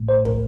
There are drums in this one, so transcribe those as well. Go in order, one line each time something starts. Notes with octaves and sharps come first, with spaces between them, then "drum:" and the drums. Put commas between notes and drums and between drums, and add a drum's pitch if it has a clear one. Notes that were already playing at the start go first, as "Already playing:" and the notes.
Already playing: A1 A2 A3
C5
A#4, drum: kick